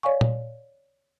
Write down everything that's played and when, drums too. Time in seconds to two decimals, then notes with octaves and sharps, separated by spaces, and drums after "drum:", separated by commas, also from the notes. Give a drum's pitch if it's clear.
0.03 C#5 D5 F5 G#5 C#6
0.21 drum: tom A#2